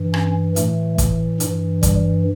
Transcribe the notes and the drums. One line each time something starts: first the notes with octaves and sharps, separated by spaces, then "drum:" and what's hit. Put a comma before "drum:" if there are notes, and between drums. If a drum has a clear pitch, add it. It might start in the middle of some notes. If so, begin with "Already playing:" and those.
Already playing: G2 E3
C#4, drum: rim click
A2 E3 A3, drum: hi-hat
drum: kick, hi-hat
G2, drum: hi-hat
E3
G3, drum: kick, hi-hat